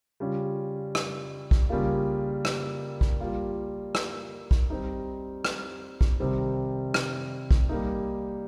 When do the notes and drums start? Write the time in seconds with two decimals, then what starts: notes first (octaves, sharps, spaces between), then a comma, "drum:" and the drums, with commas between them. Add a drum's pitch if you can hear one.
0.20 C#3 G3 C#4 F4
0.95 drum: rim click
1.51 drum: kick
1.69 C#3 G3 A#3 F4
2.45 drum: rim click
3.01 drum: kick
3.20 G3 A#3 F4
3.95 drum: rim click
4.51 drum: kick
4.70 G3 C4 D#4
5.45 drum: rim click
6.01 drum: kick
6.20 C3 D#3 G3 C4
6.94 drum: rim click
7.51 drum: kick
7.69 G3 A#3 D#4